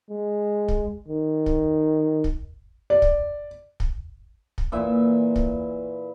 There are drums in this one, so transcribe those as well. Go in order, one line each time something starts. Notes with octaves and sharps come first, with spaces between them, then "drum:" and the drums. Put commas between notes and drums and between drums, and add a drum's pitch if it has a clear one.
G#3
drum: kick
D#3
drum: kick
drum: kick
D5
drum: kick
drum: kick
drum: kick
A#2 E3 E5
drum: kick